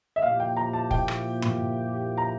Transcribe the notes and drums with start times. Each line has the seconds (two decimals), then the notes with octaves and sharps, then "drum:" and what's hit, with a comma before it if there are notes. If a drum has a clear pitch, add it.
0.16 E5
0.22 A#2 F3 A#3 E4 G4 F5
0.40 G5
0.57 A#5
0.73 A5
0.91 G5, drum: kick
1.08 drum: rim click
1.42 drum: tom G2
2.18 A#5